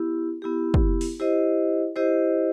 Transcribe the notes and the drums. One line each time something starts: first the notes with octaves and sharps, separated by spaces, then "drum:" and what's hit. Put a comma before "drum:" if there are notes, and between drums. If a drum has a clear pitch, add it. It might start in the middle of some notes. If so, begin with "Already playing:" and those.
Already playing: B3 E4 G4
B3 E4 G4
drum: kick
drum: open hi-hat
E4 G4 C5 D#5
E4 G4 C5 D#5